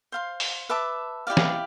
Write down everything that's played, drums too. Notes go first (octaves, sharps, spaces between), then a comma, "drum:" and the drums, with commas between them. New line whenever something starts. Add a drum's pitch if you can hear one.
C5 F5 C6
drum: open hi-hat
B4 E5 A5 D6
E4 G4 D5 F5
drum: snare